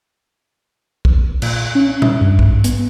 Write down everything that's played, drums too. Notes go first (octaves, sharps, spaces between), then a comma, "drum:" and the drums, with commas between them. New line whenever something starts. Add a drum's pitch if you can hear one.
drum: kick
A#2, drum: cymbal
C#4
E5, drum: tom A#2
G2
G#2, drum: kick
B3, drum: hi-hat